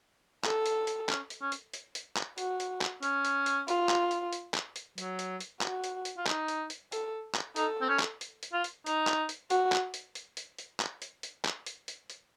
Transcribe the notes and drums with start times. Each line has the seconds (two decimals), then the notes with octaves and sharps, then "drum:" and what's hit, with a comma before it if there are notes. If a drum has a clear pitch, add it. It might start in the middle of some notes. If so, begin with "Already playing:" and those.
0.45 A4, drum: clap
0.66 drum: hi-hat
0.87 drum: hi-hat
1.09 C#4, drum: clap
1.30 drum: hi-hat
1.41 C#4
1.52 drum: hi-hat
1.74 drum: hi-hat
1.95 drum: hi-hat
2.17 drum: clap
2.38 F#4, drum: hi-hat
2.60 drum: hi-hat
2.81 drum: clap
3.03 C#4, drum: hi-hat
3.25 drum: hi-hat
3.46 drum: hi-hat
3.68 F4, drum: hi-hat
3.89 drum: clap
4.11 drum: hi-hat
4.33 drum: hi-hat
4.54 drum: clap
4.76 drum: hi-hat
4.98 F#3, drum: hi-hat
5.19 drum: hi-hat
5.40 drum: hi-hat
5.61 F#4, drum: clap
5.84 drum: hi-hat
6.05 drum: hi-hat
6.17 F4
6.27 D#4, drum: clap
6.48 drum: hi-hat
6.70 drum: hi-hat
6.92 A4, drum: hi-hat
7.35 drum: clap
7.56 D#4 A4, drum: hi-hat
7.81 C4
7.89 C#4
7.99 drum: clap
8.21 drum: hi-hat
8.43 drum: hi-hat
8.53 F4
8.64 drum: hi-hat
8.86 D#4, drum: hi-hat
9.07 drum: clap
9.29 drum: hi-hat
9.50 F#4, drum: hi-hat
9.72 drum: clap
9.94 drum: hi-hat
10.15 drum: hi-hat
10.37 drum: hi-hat
10.59 drum: hi-hat
10.80 drum: clap
11.02 drum: hi-hat
11.23 drum: hi-hat
11.45 drum: clap
11.66 drum: hi-hat
11.88 drum: hi-hat
12.10 drum: hi-hat